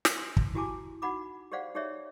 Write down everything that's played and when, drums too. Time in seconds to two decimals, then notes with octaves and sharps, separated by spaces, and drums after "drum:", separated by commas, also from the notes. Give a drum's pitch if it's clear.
0.05 drum: snare
0.17 C6
0.37 drum: kick
0.55 E4 F#4 G4 G#5 A5 D6
1.02 D#4 F#4 F#5 B5 D6
1.52 G4 G#4 C5 D5 F5 F#5
1.75 D#4 G4 G#4 C#5 D5 E5